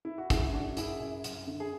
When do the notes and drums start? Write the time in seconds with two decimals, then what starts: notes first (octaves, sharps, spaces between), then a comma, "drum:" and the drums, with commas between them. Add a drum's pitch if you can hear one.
0.05 E4
0.18 F#4
0.30 F#2 E4 G#4, drum: kick, hi-hat
0.53 F#2 D4 F#4
0.77 F#2 E4 G#4, drum: hi-hat
1.00 F#2
1.24 F#2, drum: hi-hat
1.47 D3
1.60 G#4